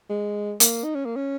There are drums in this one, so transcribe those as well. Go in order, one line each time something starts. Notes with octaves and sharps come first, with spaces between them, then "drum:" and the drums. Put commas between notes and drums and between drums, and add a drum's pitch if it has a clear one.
G#3
A#3, drum: hi-hat
D#4
C#4
A#3
C#4